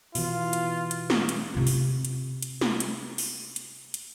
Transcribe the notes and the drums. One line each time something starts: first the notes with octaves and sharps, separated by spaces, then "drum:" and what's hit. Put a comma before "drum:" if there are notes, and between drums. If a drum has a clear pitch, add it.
B2 E3 F4, drum: open hi-hat
drum: hi-hat
drum: hi-hat
drum: snare
drum: hi-hat
C3 F4
drum: open hi-hat
drum: hi-hat
drum: hi-hat
drum: snare
drum: hi-hat
drum: open hi-hat
drum: hi-hat
drum: hi-hat